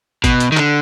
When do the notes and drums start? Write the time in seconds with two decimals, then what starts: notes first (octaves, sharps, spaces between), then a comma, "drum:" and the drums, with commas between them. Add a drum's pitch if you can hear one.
0.24 B2, drum: kick G#1, hi-hat
0.40 drum: hi-hat
0.52 D#3
0.57 D3, drum: clap